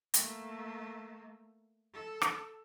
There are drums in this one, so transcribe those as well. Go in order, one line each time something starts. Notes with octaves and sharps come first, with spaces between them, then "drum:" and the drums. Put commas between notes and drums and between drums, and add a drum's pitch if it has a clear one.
A3 A#3, drum: hi-hat
A4
drum: rim click